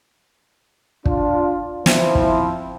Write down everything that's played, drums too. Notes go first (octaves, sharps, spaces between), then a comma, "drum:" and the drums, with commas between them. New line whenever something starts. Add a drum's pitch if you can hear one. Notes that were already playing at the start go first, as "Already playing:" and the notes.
D4 F4, drum: kick
F3 C4 E4, drum: snare
drum: kick